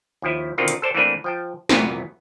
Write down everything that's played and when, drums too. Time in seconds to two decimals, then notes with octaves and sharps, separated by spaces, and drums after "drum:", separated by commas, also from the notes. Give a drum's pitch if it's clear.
0.22 D#2 F3 E4
0.58 B2 D3 D#3 C4 F4 A#4
0.68 drum: hi-hat
0.82 A4 C5 D5 A5
0.95 E3 A3 A#3 C4 D4 B4
1.24 F3 G5 A5
1.69 C2 F2 A#2 E3 F#3 B3, drum: snare